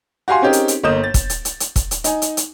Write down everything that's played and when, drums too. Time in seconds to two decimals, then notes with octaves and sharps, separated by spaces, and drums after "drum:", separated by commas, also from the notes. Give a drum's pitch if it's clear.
0.28 F#4 G4 F5 G#5 C6
0.42 C4 C#4 D#4 G4 G#4 A#4
0.53 drum: hi-hat
0.68 drum: hi-hat
0.83 G1 A#3 D#5 D#6 G6 E7
1.04 A6
1.14 drum: kick, hi-hat
1.30 drum: hi-hat
1.45 drum: hi-hat
1.60 drum: hi-hat
1.76 drum: kick, hi-hat
1.91 drum: hi-hat
2.04 D#4 G#5, drum: hi-hat
2.22 drum: hi-hat
2.37 drum: hi-hat